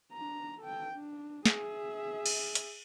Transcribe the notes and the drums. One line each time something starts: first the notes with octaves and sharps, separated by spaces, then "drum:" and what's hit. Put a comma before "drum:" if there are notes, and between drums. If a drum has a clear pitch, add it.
D4 A#5
A4 G5
D4
G#4 E5, drum: snare
drum: cymbal
drum: hi-hat